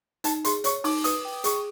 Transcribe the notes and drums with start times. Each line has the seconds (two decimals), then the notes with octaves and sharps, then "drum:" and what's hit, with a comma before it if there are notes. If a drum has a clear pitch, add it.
0.24 D#4 A5, drum: hi-hat
0.45 G#4 C6, drum: hi-hat
0.64 C#5 C#6, drum: hi-hat
0.84 D#4 D6, drum: open hi-hat
1.04 B4 D#6, drum: hi-hat
1.25 G5
1.44 G#4 C#6, drum: hi-hat